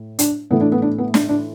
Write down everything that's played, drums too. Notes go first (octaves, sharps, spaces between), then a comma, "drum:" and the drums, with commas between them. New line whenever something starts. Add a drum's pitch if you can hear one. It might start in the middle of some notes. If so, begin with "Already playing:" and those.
Already playing: A2
D4, drum: hi-hat
A2 E3 A3 B3
D4
B3
D4
B3
D4, drum: snare
D4